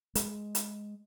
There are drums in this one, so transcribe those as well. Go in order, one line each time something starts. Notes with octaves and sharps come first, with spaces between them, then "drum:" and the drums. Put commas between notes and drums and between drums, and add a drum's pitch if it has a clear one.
G#3, drum: hi-hat
drum: hi-hat